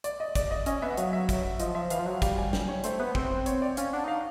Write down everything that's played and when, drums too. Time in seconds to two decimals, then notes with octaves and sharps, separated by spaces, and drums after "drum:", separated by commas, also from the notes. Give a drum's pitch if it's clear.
0.04 D5, drum: hi-hat
0.20 D#5
0.35 D5, drum: kick, hi-hat
0.51 D#5
0.66 C#4 D#5, drum: hi-hat
0.82 B3 E5
0.90 F#5
0.97 F#3 F5, drum: hi-hat
1.13 E5
1.29 drum: kick, hi-hat
1.60 F3 D#5, drum: hi-hat
1.75 F3 E5
1.90 E3 F5, drum: hi-hat
1.99 F3
2.06 F#3 F#5
2.22 G3 F5, drum: kick, hi-hat
2.38 G#5
2.53 G5, drum: snare
2.68 C#5
2.84 A3 C5, drum: hi-hat
2.99 B3 B4
3.15 C4 C5, drum: kick
3.46 C#5, drum: hi-hat
3.62 D5
3.77 C#4 F5, drum: hi-hat
3.93 D4 F#5
4.04 D#4 F5